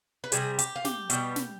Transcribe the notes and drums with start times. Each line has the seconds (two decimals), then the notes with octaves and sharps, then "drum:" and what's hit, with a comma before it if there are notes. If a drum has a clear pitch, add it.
0.24 B4
0.32 C3 G3 G#4, drum: hi-hat
0.59 G4, drum: hi-hat
0.76 F4
0.85 G4, drum: snare
1.10 B2 G3, drum: hi-hat
1.36 drum: snare